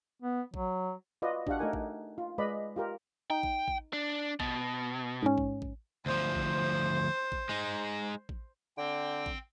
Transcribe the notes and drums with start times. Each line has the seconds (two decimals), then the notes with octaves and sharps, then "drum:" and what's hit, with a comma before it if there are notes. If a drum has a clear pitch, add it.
0.22 B3
0.54 F#3, drum: kick A1
1.22 F4 F#4 B4 D5 D#5
1.47 D4 F#4 G4 F5 F#5, drum: kick A1
1.59 A3 D#4 A#4 G#5
1.73 drum: kick A1
2.18 F4
2.38 G#3 B4 D5 D#5 B5
2.76 F4 G4 A#4
3.30 D#4 G5
3.43 drum: kick A1
3.68 drum: kick A1
3.93 D4
4.40 B2, drum: kick A1
5.22 G#2 C#4
5.38 drum: kick A1
5.62 drum: kick A1
6.06 D2 F3 C5
6.35 drum: kick A1
7.32 drum: kick A1
7.49 G#3 D#4
8.29 drum: kick A1
8.78 D3 C4 G5
9.26 drum: kick A1